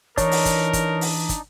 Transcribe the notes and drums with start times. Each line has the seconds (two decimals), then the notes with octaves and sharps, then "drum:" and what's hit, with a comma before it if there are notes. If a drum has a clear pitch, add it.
0.18 E3 D4 D#4 A#4 C#5, drum: kick, hi-hat
0.31 drum: open hi-hat
0.45 drum: kick, hi-hat
0.73 drum: kick, hi-hat
1.01 drum: open hi-hat
1.29 drum: kick, hi-hat